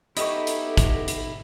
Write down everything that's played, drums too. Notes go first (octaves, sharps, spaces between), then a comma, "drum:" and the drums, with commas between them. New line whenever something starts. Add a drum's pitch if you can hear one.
B3 D#4 E4 G4 A4 D#5 C#6, drum: hi-hat
drum: hi-hat
drum: kick, hi-hat
drum: hi-hat